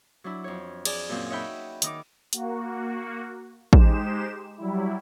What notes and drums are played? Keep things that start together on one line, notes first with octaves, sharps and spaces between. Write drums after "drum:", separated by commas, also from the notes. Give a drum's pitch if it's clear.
F#3 D4 E4
F2 C#5
G#4 D5, drum: cymbal
F#2 A#2 C4 C#4
D#4 C#5 E5 F#5 G5 B5
D#3 D#4 D6, drum: hi-hat
A#3 F#4, drum: hi-hat
G#3 D#4 G4 C5 E7, drum: kick
F#3 G3 E4